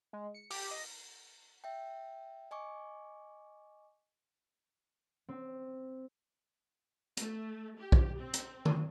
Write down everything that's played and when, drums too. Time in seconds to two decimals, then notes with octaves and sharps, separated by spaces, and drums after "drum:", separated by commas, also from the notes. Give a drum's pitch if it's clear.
0.13 G#3
0.34 C#7
0.50 G4, drum: open hi-hat
0.71 D#5
1.64 E5 G5
2.51 D#5 G#5 C#6 D6
5.29 C4
7.17 A3, drum: hi-hat
7.77 G4
7.92 drum: kick B1
8.18 C4
8.34 drum: hi-hat
8.65 drum: tom D#3